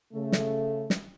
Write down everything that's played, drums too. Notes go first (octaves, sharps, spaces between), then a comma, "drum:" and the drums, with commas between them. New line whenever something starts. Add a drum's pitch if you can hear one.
C#3 A3
drum: snare
drum: snare